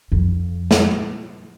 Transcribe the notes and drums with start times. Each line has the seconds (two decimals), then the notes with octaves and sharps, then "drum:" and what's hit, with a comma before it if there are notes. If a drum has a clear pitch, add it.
0.12 F2
0.71 drum: snare